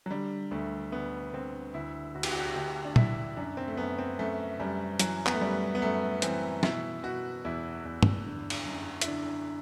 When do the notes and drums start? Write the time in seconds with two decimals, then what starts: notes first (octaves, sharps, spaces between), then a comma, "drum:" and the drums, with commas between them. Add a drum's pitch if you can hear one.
0.06 F#3
0.11 D3 G3
0.51 D2 A3
0.92 D2 B3
1.33 D3 C4
1.74 D2 E4
2.15 D2 F#4
2.23 G4, drum: cymbal
2.31 F#4
2.38 G4
2.47 F#4
2.55 D2 G4
2.85 D4
2.96 D3 E4, drum: tom A#2
3.37 F#2 D4
3.57 C4
3.68 A3
3.77 F#2 B3
3.98 C4
4.19 F#2 A3
4.60 F#2 G3
4.99 E3 F#3, drum: hi-hat
5.26 B3, drum: clap
5.34 A3
5.40 F#2 G3
5.75 B3
5.82 F#2 A3
6.22 E3 C4, drum: hi-hat
6.63 B2 E4, drum: snare
7.03 B2 F#4
7.45 E2 E4
7.85 E2
8.03 drum: tom
8.26 D3
8.50 drum: cymbal
8.66 F#2
9.01 E4, drum: hi-hat
9.07 D3 D4